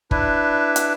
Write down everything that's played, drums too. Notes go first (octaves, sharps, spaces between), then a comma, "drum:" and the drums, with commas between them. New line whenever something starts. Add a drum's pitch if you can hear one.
D4 E4 B4, drum: kick
drum: hi-hat